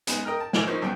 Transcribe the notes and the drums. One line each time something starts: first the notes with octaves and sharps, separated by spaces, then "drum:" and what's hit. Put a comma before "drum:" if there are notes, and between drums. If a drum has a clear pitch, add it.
G#3 B3 D#4, drum: hi-hat
A#4 D#5 G5 A#5 F6
A5
G#5, drum: snare
F3 A#3 D#4 C5 C#6
B1 G2 B3 G5